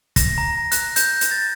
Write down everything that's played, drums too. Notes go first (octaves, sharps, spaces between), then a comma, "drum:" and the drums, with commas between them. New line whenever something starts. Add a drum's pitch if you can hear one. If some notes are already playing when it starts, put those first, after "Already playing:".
A#6, drum: kick, hi-hat
A#5
F#6, drum: hi-hat
G6, drum: hi-hat
drum: hi-hat
A6